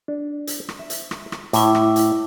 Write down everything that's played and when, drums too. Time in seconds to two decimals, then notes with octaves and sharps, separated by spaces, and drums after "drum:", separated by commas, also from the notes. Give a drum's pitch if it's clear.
0.08 D4
0.47 drum: hi-hat
0.69 drum: rim click
0.79 E5
0.90 drum: hi-hat
1.11 drum: rim click
1.32 drum: rim click
1.53 A2 E4 D6, drum: hi-hat
1.75 drum: rim click
1.96 drum: hi-hat